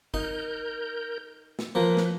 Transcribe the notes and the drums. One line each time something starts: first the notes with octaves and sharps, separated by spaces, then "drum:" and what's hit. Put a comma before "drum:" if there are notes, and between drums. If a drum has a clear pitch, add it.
D#4 A#4 G6, drum: kick
drum: snare
F3 A#3 B4
drum: snare